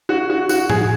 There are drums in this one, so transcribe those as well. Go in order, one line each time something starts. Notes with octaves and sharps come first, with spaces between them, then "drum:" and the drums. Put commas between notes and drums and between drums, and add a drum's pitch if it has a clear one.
F#4
F#4
F#4, drum: tambourine
G#4, drum: tom A2